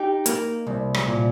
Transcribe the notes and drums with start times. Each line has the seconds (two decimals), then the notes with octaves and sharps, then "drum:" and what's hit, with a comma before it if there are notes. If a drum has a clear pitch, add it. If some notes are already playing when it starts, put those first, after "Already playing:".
Already playing: D#4 G4
0.26 A#3, drum: hi-hat
0.67 C2
0.94 drum: rim click
1.08 A#2